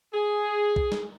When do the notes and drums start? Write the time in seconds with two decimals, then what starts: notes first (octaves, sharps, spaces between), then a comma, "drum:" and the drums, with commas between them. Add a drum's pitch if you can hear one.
0.14 G#4
0.76 drum: kick B1
0.92 drum: snare